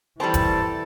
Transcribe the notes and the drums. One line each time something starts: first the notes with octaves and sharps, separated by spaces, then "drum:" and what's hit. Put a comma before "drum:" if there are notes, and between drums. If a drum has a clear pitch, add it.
E3 G3 C4 A4 B4 B5 C#6
drum: kick E1, hi-hat